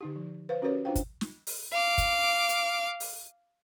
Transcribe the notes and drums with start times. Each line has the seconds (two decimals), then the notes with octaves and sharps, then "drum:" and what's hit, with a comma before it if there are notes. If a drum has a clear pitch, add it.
0.01 D3 D#4 G4
0.16 F3
0.49 B4 C5 F5
0.62 C#4 F#4 G4 A#4 B4 C#5
0.85 D4 F4 C5 F5 G5
0.95 drum: kick, hi-hat
1.21 drum: snare
1.47 drum: open hi-hat
1.72 F5 D6
1.98 drum: kick, hi-hat
2.49 drum: hi-hat
3.00 drum: open hi-hat